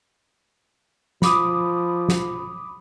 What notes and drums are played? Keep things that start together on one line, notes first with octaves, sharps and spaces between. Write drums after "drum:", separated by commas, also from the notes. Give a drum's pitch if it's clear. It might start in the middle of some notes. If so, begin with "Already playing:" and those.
F3 B5 D6 D#6, drum: snare
drum: snare